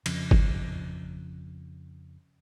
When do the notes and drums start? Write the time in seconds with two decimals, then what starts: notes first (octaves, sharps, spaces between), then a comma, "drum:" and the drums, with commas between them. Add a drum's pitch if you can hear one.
0.06 F2 C#3 F3, drum: cymbal
0.31 drum: kick G1